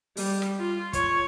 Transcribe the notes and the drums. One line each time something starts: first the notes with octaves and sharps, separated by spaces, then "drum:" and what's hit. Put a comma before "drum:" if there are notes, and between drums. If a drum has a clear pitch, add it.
G3, drum: open hi-hat
drum: rim click
F4
C#5, drum: kick, hi-hat